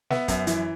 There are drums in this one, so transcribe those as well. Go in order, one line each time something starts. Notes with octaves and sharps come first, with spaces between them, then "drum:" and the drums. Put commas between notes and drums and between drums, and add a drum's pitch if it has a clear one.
B3 E5, drum: snare
F#2, drum: kick, hi-hat
E3, drum: hi-hat